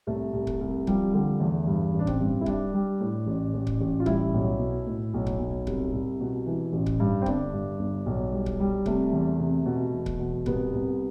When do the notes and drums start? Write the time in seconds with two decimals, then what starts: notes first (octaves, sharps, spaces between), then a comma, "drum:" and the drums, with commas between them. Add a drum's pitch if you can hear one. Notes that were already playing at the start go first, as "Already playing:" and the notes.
0.07 C2 A3
0.33 C2
0.47 drum: kick C#1
0.61 C2
0.87 F3 G3, drum: kick C#1
1.13 D3 G3
1.40 E2 A3
1.67 G2
1.93 A1
1.99 D4
2.07 C4, drum: kick C#1
2.21 G2
2.41 E4
2.46 G3 D4, drum: kick C#1
2.74 G3
3.01 A2
3.27 A1
3.54 A1
3.67 drum: kick C#1
3.80 A1
4.00 F4
4.06 G3 E4, drum: kick C#1
4.34 B1
4.59 B2
4.87 A2
5.14 B1
5.27 drum: kick C#1
5.39 B1
5.67 C2, drum: kick C#1
5.93 C2
6.20 B2
6.46 E3
6.73 A1
6.86 drum: kick C#1
7.00 G2
7.22 C4
7.26 G1 D4, drum: kick C#1
7.53 G2
7.79 G1
8.06 B1
8.32 G3
8.46 drum: kick C#1
8.60 G3
8.86 C3 A3, drum: kick C#1
9.12 E2
9.39 C3
9.66 B2
9.93 E1
10.06 drum: kick C#1
10.19 B2
10.46 C2 B3, drum: kick C#1
10.73 C2